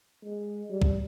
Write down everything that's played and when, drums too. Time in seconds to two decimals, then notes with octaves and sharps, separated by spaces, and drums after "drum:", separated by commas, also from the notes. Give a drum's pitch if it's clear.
0.25 G#3
0.71 G3
0.82 drum: kick